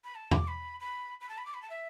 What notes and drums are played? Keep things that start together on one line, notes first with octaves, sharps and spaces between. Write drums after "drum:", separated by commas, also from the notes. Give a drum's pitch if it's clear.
B5
A5
D6, drum: tom E2
B5
B5
B5
A5
B5
D6
B5
A5
E5